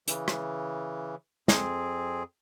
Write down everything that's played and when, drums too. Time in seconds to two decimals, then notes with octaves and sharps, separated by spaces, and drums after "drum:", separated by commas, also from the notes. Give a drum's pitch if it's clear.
0.08 C#3 E3, drum: hi-hat
0.28 drum: rim click
1.48 F2 C4 G#4, drum: snare